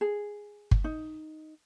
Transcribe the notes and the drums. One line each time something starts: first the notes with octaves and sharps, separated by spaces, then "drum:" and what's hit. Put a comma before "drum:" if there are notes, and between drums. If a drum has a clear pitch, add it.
G#4
drum: kick G1
D#4